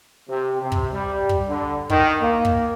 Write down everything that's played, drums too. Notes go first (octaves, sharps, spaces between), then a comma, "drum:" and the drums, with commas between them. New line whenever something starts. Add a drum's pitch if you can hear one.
C3
C3
drum: kick
G3
drum: kick
D3
D#3, drum: kick
A#3
drum: kick